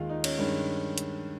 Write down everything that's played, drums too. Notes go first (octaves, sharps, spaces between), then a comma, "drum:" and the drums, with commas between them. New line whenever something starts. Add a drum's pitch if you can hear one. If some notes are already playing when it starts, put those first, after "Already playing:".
Already playing: D#2 D#3 G#3 F4
D#4
C#4, drum: cymbal
G2 D#3 G#3 C#4
drum: hi-hat